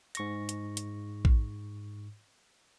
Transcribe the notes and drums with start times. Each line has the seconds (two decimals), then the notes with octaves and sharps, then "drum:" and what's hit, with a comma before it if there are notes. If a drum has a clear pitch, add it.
0.15 G#2 C#6 A#6, drum: hi-hat
0.49 drum: hi-hat
0.77 drum: hi-hat
1.25 drum: kick